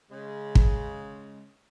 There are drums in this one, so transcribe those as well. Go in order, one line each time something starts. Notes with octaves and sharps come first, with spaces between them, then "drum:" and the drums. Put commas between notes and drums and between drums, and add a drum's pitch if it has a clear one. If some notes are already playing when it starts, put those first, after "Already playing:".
C#3 G#3
drum: kick